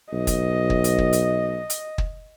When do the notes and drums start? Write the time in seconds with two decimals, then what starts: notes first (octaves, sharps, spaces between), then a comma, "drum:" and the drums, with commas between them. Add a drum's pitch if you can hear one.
0.13 B1 D#5
0.27 drum: kick, hi-hat
0.70 drum: kick
0.84 drum: hi-hat
0.98 drum: kick
1.13 drum: hi-hat
1.70 drum: hi-hat
1.98 drum: kick